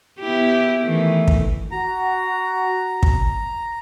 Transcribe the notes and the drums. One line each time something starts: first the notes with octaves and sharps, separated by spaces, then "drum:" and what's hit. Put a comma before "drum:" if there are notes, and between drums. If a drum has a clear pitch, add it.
B3 E4 G4
D#3 E3 A3
drum: kick
F#4 A#5
drum: kick